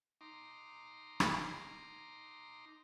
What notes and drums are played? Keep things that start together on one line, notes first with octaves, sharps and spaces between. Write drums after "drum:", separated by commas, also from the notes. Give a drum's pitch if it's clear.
D#4 A#5 C6 D6
drum: rim click